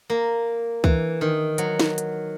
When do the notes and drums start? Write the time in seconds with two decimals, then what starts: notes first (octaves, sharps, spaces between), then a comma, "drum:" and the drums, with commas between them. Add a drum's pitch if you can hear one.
0.10 A#3
0.84 E3, drum: kick C#2
1.21 D#3
1.58 F#3, drum: hi-hat
1.79 drum: snare D#4
1.98 drum: hi-hat